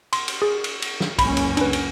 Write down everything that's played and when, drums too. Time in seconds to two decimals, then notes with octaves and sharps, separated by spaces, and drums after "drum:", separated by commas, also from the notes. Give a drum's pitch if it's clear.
0.13 C6, drum: cymbal
0.28 drum: cymbal
0.42 G#4
0.64 drum: cymbal
0.82 drum: cymbal
1.00 drum: snare
1.19 F#1 C#2 C#4 B5, drum: kick, cymbal
1.37 drum: cymbal
1.57 D4 B4, drum: cymbal
1.73 drum: cymbal